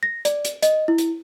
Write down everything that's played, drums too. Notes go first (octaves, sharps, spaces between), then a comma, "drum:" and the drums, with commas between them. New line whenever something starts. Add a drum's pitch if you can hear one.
A#6
D5, drum: hi-hat
drum: hi-hat
D#5, drum: hi-hat
E4
drum: hi-hat